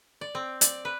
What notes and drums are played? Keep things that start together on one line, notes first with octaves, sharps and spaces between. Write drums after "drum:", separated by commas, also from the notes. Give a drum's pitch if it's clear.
D5
C4
D5, drum: hi-hat
B4